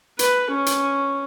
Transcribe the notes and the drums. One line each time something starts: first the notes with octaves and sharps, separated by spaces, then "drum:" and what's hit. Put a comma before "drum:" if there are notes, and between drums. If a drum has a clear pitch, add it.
B4, drum: hi-hat
C#4
drum: hi-hat